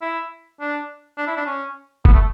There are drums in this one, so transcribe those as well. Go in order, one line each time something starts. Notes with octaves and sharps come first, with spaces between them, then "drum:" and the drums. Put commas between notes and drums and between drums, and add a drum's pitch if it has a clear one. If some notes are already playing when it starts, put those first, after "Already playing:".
E4
D4
D4
E4
D4
C#4
B3, drum: kick F#1
A3